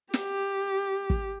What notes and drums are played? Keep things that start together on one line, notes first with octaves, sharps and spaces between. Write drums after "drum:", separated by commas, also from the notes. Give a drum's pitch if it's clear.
G4, drum: snare
drum: kick